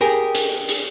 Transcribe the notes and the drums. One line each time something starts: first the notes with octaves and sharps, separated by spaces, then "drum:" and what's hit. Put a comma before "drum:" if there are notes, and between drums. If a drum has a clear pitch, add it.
G4 G#4 A#4
drum: hi-hat
drum: hi-hat